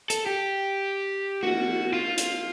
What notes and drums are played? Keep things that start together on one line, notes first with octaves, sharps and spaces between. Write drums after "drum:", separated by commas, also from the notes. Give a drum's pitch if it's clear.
A4, drum: hi-hat
G4
F#4, drum: cymbal
F4
drum: hi-hat